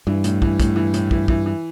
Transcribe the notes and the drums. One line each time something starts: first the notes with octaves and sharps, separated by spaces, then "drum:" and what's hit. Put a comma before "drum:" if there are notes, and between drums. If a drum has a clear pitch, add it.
G2 E3
A2, drum: hi-hat
E3, drum: kick
A2, drum: kick, hi-hat
E3
A2, drum: hi-hat
E3, drum: kick
E3, drum: kick
E3